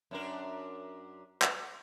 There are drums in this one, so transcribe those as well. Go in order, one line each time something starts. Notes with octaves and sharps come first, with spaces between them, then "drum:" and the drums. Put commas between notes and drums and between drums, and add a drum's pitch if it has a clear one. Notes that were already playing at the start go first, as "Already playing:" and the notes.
F#2 D4 A#4
drum: clap